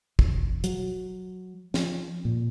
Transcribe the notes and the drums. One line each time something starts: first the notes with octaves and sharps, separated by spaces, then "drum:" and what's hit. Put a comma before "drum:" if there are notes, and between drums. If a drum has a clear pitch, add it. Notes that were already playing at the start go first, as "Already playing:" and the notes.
E1, drum: kick
F#3, drum: hi-hat
F3, drum: snare
A#2